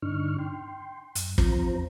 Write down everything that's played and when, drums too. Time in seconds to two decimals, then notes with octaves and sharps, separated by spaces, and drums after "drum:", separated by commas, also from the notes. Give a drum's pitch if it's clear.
0.02 G2 D3 D4 D#4 C#6 F6
0.38 G5 C6
1.15 F#2, drum: hi-hat
1.38 E2 F3 C4 F4 C5 A#5, drum: kick